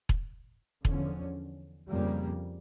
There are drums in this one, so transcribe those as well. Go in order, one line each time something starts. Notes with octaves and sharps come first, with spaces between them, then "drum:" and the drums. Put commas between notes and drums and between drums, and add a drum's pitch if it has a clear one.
drum: kick E1
E2 D3 F3 C#4, drum: kick E1
F2 C#3 G3 A#3